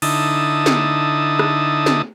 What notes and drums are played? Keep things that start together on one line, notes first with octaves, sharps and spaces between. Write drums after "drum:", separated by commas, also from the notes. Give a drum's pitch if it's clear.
D3 D#4 E4 A5 D#6, drum: cymbal
drum: snare
drum: rim click
drum: snare